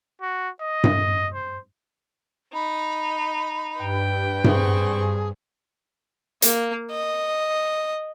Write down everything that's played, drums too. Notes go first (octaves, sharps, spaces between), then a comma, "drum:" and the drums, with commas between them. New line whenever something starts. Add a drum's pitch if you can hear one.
F#4
D#5
drum: tom G2
C5
D#4 B5
G2 B4 G5
C4 G#4 C#6, drum: tom G2
A#3, drum: hi-hat
D#5